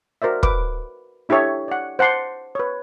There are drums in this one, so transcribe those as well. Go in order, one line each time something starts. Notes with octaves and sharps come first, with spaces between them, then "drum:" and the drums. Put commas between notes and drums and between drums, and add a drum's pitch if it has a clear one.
F#4 A#4 C5 D5 E5
B4 D6, drum: kick
D4 E4 G4 A4 C#5 E5
D5 F#5
C5 F#5 A5 C6 D6
B4 C#5